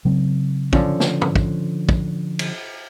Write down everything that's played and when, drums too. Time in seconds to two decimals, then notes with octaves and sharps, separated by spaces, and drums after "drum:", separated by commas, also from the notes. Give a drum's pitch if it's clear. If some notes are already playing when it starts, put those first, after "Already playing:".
0.05 C#3 F#3 C4
0.73 D3 F3 C#4, drum: kick
1.00 drum: snare
1.22 drum: tom
1.36 drum: kick
1.89 drum: kick
2.39 drum: cymbal